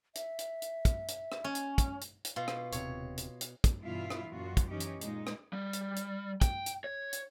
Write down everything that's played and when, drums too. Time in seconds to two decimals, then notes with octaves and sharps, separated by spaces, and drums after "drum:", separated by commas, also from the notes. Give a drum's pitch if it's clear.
0.15 E5, drum: hi-hat
0.39 drum: hi-hat
0.62 drum: hi-hat
0.85 drum: kick, hi-hat
1.08 drum: hi-hat
1.32 drum: rim click
1.44 C#4
1.55 drum: hi-hat
1.78 drum: kick, hi-hat
2.01 drum: hi-hat
2.25 drum: hi-hat
2.36 B2 F4
2.48 drum: rim click
2.72 D#1 C3 C#5, drum: hi-hat
3.18 drum: hi-hat
3.41 drum: hi-hat
3.64 drum: kick, hi-hat
3.82 G2 B2 E3 E4 F4 F5
4.10 drum: rim click
4.30 F#2 A#2 F4 F#4
4.57 drum: kick, hi-hat
4.70 E3 C#4 D#4 G4
4.80 drum: hi-hat
5.01 A#2 G#3 D#4, drum: hi-hat
5.27 drum: rim click
5.53 G3
5.73 drum: hi-hat
5.96 drum: hi-hat
6.42 G5, drum: kick, hi-hat
6.66 drum: hi-hat
6.84 C#5
7.13 drum: hi-hat